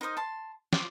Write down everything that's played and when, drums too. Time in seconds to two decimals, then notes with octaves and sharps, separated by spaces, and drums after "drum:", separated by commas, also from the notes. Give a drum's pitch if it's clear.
0.01 D#4 A#4 C5 D#6
0.17 A5 C6
0.73 F4 D6, drum: snare